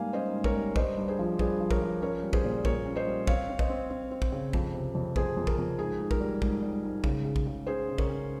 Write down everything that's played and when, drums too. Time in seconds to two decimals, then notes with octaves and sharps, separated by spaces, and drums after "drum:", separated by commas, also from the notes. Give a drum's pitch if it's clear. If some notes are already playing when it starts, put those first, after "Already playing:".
Already playing: G#2 G3 A#3 F5 G#5
0.13 C#4 C5 D#5
0.34 G#2
0.44 A#4 C#5, drum: kick
0.56 G3
0.76 G2 C5 D#5, drum: kick
0.97 G2
1.08 G#4 C5
1.19 F3
1.39 G2 G#4 C5, drum: kick
1.60 F3
1.71 A#4 C#5, drum: kick
1.82 F3
2.02 C#4 A#4 C#5
2.23 G3
2.33 G#4 C5, drum: kick
2.44 A#2
2.65 A#2 A#4 C#5, drum: kick
2.86 C#4
2.96 C5 D#5
3.07 G3
3.27 C4 C#5 F5, drum: kick
3.49 C4
3.59 C5 D#5, drum: kick
3.69 C4
3.90 C4
4.11 C4
4.22 drum: kick
4.32 C#3
4.53 F2, drum: kick
4.74 C3
4.95 F2
5.16 F2 G#4 C5, drum: kick
5.37 F2
5.47 A#4, drum: kick
5.58 F2
5.78 G#2 G#4
5.99 G#2
6.11 A#4, drum: kick
6.20 G3
6.42 G#2, drum: kick
6.63 G3
6.84 G#2
7.04 C#3, drum: kick
7.25 C#3
7.36 drum: kick
7.47 C#3
7.67 C#4 G#4 C5
7.89 C#3
7.98 A#4 C#5, drum: kick
8.09 C#4